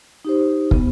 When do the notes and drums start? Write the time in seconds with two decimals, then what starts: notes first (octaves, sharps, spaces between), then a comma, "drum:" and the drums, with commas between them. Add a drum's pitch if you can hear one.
0.25 D#4 G4 C5
0.71 B3, drum: kick